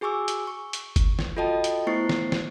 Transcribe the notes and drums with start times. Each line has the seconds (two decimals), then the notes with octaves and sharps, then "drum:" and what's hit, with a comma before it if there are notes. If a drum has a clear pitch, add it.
0.01 F#4 G#4 G#5 C#6 D6 E6
0.28 drum: hi-hat
0.47 C#6
0.73 drum: hi-hat
0.96 drum: kick F#1, hi-hat
1.19 drum: snare
1.37 F4 F#4 A4 D#5 G5 A5
1.64 drum: hi-hat
1.87 A3 B3 E4 C5 C#6 C7
2.09 drum: snare
2.32 drum: snare